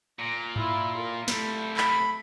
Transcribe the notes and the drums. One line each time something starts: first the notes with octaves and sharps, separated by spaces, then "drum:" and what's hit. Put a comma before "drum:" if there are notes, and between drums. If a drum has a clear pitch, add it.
A#2 A#5
E4 F4, drum: tom G2
F4 A#4
C3 G3 A3 E4, drum: snare
B5, drum: clap